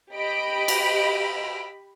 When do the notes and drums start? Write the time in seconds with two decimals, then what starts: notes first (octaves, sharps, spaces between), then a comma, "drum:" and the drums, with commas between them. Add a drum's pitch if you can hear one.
0.13 G4 D#5 B5 D7
0.68 drum: cymbal